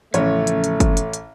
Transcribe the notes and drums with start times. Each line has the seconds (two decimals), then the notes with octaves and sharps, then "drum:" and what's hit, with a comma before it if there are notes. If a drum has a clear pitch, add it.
0.14 A1 F2 C#3 A3 C#5, drum: hi-hat
0.47 drum: hi-hat
0.64 drum: hi-hat
0.80 drum: kick F#1, hi-hat
0.97 drum: hi-hat
1.13 drum: hi-hat